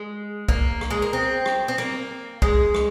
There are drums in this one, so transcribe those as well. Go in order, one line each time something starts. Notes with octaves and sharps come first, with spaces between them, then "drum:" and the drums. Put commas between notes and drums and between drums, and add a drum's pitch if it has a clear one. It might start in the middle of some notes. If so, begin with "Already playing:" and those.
Already playing: G#3
A#3, drum: kick
drum: rim click
G#3
A#3
C4
drum: rim click
C4
A#3, drum: rim click
G#3, drum: kick
drum: rim click